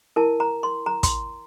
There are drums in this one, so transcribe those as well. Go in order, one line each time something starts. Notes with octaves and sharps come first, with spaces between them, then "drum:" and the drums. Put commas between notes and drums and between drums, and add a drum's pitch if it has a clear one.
E4 A#4 A5
A#5
C6
A#5
C6, drum: kick, hi-hat